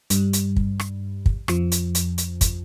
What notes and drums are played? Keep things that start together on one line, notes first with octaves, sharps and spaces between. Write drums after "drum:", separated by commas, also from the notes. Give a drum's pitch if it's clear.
G2 G3, drum: hi-hat
drum: hi-hat
drum: kick
drum: rim click
drum: kick
F2 F3, drum: rim click
drum: hi-hat
drum: hi-hat
drum: hi-hat
drum: kick, hi-hat